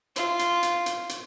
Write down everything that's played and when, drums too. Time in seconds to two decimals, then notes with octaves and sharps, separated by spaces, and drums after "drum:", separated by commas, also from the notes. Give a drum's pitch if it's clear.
0.16 F4, drum: hi-hat
0.39 drum: hi-hat
0.63 drum: hi-hat
0.86 drum: hi-hat
1.09 drum: hi-hat